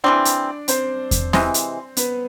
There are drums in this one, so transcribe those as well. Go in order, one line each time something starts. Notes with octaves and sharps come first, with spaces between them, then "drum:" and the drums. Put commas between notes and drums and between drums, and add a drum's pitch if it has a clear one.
E3 G3 C4 D4 D5
drum: hi-hat
C4 C5, drum: hi-hat
drum: kick E2, hi-hat
C3 E3 G#3, drum: snare
drum: hi-hat
B3 B4, drum: hi-hat